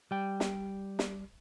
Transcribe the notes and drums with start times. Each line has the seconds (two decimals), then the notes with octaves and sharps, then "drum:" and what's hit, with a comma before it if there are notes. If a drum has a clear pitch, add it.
0.11 G3 G5
0.40 drum: snare
0.99 drum: snare